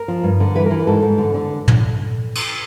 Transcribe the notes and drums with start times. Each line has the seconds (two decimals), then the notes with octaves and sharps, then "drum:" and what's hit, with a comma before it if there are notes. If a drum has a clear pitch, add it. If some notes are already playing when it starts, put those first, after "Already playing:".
Already playing: A#4
0.08 F3
0.23 G2
0.40 D3
0.55 E3 B4
0.66 E3 A#4
0.87 G#2 A4
1.03 G#2
1.18 D3
1.34 D3
1.68 drum: tom A#2
2.35 drum: cymbal